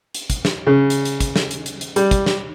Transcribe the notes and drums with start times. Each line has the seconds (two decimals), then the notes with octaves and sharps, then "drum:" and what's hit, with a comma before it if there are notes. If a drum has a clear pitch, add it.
0.14 drum: hi-hat
0.30 drum: kick, hi-hat
0.45 drum: snare
0.67 C#3
0.90 drum: hi-hat
1.05 drum: hi-hat
1.20 drum: kick, hi-hat
1.36 drum: snare
1.51 drum: hi-hat
1.66 drum: hi-hat
1.81 drum: hi-hat
1.96 G3, drum: hi-hat
2.11 drum: kick, hi-hat
2.26 drum: snare